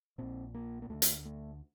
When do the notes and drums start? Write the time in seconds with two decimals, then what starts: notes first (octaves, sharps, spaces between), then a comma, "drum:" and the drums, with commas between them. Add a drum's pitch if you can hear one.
0.18 A#1 A#2 C4
0.54 A#3
0.82 A#3
0.90 D2 D3 A3
1.02 drum: hi-hat
1.25 A3